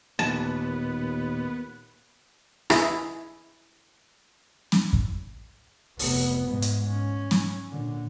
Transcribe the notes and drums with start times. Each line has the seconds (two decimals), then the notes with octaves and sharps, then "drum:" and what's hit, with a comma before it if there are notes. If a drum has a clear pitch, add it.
0.19 D#2 A#2 B3 A5
2.70 E4 G#4, drum: rim click
4.72 drum: snare
4.93 drum: kick
5.99 F1 B3, drum: open hi-hat
6.51 G#2
6.62 drum: hi-hat
6.90 C#4
7.31 drum: snare
7.68 A#2 D3